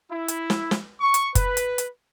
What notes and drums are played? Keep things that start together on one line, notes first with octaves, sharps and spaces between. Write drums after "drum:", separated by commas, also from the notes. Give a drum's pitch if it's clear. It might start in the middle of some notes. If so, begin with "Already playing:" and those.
E4
drum: hi-hat
drum: snare
drum: snare
C#6
drum: hi-hat
B4, drum: kick, hi-hat
drum: hi-hat
drum: hi-hat